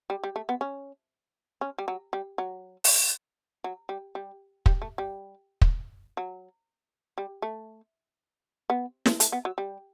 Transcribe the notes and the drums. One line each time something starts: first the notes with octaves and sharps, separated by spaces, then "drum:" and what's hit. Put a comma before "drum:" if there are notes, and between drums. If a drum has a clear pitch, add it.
G3
G3
A3
B3
C#4
C#4
G3
F#3
G3
F#3
drum: open hi-hat
F#3
G3
G3
G3, drum: kick
A3
G3
drum: kick
F#3
G3
A3
B3
drum: snare
A3, drum: hi-hat
B3
F#3
G3